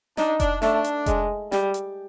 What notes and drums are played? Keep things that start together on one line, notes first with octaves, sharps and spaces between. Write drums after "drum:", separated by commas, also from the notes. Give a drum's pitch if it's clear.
D4 D#4, drum: snare
D4, drum: kick F1, hi-hat
A3 D4, drum: snare
drum: hi-hat
G#3, drum: kick F1, hi-hat
G3, drum: snare
drum: hi-hat